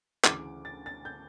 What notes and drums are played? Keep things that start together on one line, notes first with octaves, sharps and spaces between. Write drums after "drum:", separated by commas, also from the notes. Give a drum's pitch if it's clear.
D2 C#3 E3 D6, drum: clap
A6
A6
G6